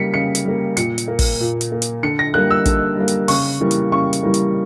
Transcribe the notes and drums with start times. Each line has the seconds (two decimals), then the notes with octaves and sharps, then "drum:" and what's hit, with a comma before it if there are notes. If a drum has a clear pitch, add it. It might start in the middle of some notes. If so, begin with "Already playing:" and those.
Already playing: C#3 G3 A#3 B6 C#7
0.14 C#3 C#7
0.35 drum: hi-hat
0.45 G3 A#3
0.77 A#2 C#7, drum: hi-hat
0.98 drum: hi-hat
1.08 A#3
1.19 drum: kick, open hi-hat
1.40 A#2
1.61 drum: hi-hat
1.72 A#3
1.82 drum: hi-hat
2.03 D3 C#7
2.19 A#6
2.34 G3 A#3 F#6
2.51 E6
2.65 D3, drum: kick, hi-hat
2.97 G3 A#3
3.08 drum: hi-hat
3.28 C#3 C#6, drum: open hi-hat
3.60 E3 G3 A#3
3.71 drum: hi-hat
3.92 C#3 C#6
4.13 drum: hi-hat
4.23 E3 G3 A#3
4.34 drum: hi-hat